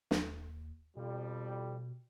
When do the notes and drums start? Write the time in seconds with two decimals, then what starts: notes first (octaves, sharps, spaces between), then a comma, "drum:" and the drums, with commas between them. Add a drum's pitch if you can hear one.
0.11 D#2, drum: snare
0.97 F2 B2 G3